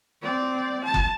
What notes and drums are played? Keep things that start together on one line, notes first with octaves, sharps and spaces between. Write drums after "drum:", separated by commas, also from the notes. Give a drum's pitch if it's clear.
C4 D5
A5
drum: kick F#1